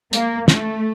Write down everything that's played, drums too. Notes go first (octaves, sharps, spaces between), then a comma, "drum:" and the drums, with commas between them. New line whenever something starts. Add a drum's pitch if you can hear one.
A#3, drum: hi-hat
A3, drum: snare